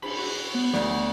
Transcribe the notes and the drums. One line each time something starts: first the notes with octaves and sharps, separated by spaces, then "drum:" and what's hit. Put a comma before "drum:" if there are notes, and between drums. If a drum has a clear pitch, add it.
B5, drum: cymbal
F#4
B3
D2, drum: snare